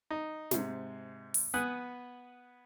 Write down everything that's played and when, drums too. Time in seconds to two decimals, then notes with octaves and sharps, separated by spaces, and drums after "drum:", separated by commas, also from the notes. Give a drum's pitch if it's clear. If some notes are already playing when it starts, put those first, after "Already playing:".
0.10 D#4
0.51 G#2 C3, drum: snare
1.34 drum: open hi-hat
1.54 B3 B4 F#5 G#5 D#6 F#6